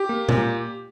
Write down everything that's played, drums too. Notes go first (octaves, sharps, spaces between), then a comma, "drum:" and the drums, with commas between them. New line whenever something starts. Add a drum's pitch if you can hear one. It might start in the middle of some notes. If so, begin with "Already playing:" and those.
Already playing: G4
A#3
A#2, drum: tom